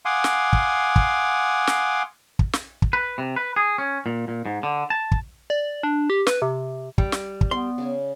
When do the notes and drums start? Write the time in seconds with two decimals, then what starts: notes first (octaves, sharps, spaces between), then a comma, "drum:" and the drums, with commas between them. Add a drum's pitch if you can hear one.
0.05 F5 F#5 G#5 C6 D6 D#6
0.24 drum: snare
0.53 drum: kick
0.96 drum: kick
1.67 drum: snare
2.39 drum: kick
2.53 drum: snare
2.82 drum: kick
2.93 B4
3.18 C3
3.36 B4
3.56 G#4
3.78 C#4
4.06 A#2
4.28 A#2
4.46 G#2
4.63 D3
4.90 A5
5.12 drum: kick
5.50 D5
5.83 D4
6.10 G4
6.27 B4, drum: snare
6.42 C3
6.98 G3, drum: kick
7.12 drum: snare
7.41 drum: kick
7.51 B3 C6
7.78 C#3 C#4 G#5